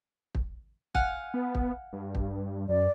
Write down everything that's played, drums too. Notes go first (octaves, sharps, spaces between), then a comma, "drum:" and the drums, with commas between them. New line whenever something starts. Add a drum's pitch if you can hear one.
drum: kick
F5 F#5 G#5, drum: kick
B3
drum: kick
G2
drum: kick
F#2 D5